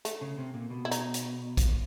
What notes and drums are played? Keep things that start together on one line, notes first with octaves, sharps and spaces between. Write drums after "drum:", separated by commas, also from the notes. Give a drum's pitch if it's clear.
A3, drum: hi-hat
C#3
C3
A#2
B2
E4
D#4, drum: hi-hat
drum: hi-hat
drum: kick, hi-hat